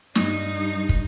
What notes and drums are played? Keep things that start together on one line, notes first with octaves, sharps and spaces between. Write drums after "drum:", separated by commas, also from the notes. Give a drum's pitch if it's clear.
G2 D#4, drum: snare
drum: kick